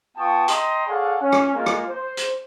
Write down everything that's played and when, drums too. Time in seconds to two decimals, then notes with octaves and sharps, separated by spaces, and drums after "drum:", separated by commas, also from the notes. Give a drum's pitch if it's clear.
0.17 B3 F4 G5 A5 C#6 D#6
0.48 D#5 G5 A#5 C6, drum: hi-hat
0.87 G#4 A4 C#5 D5 F5 F#5
1.22 C#4
1.32 drum: rim click
1.54 G#3 A#3 F4
1.66 drum: rim click
1.88 C5
2.17 drum: hi-hat